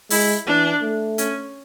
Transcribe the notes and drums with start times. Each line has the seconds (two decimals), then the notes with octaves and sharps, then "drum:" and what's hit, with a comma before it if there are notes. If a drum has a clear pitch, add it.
0.10 G#3 E4, drum: open hi-hat
0.47 E3 D4
0.82 A3
1.18 C#4, drum: hi-hat